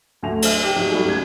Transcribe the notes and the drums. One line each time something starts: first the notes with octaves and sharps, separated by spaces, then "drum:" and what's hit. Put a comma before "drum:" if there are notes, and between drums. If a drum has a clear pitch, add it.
D2 F#3 A3 G#5 A#6 F7
C5 E5 F6, drum: cymbal
G4
F#3 D#4
G3 A3 F#4 G#4
C#2 G#6